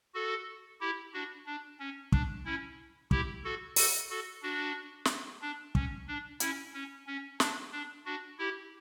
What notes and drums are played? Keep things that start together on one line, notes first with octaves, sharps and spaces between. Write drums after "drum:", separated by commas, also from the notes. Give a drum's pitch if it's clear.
F#4 A4
E4 G4
D4 F#4
D4
C#4
D4, drum: kick
C#4 E4
E4 G4, drum: kick
F#4 A4
F#4 A4, drum: open hi-hat
F#4 A4
D4 F#4
drum: snare
D4
C#4, drum: kick
D4
C#4 E4, drum: hi-hat
C#4
C#4
D4, drum: snare
D4
D4 F#4
E4 G4